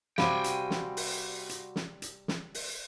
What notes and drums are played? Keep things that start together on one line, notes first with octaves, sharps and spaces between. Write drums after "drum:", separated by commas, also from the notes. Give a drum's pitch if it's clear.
C3 G3 F#4 C5 F5 G5 G#5 B5, drum: snare
drum: hi-hat
drum: snare
drum: open hi-hat
drum: hi-hat
drum: snare
drum: hi-hat
drum: snare
drum: open hi-hat